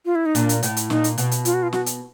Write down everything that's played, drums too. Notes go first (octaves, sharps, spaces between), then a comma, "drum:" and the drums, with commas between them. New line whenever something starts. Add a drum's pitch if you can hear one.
F4
E4
D#4
A#2 D4, drum: hi-hat
drum: hi-hat
A2, drum: hi-hat
drum: hi-hat
A#2 D#4, drum: snare
drum: hi-hat
B2, drum: hi-hat
drum: hi-hat
F4, drum: hi-hat
F#4
F4
F#4, drum: snare
drum: hi-hat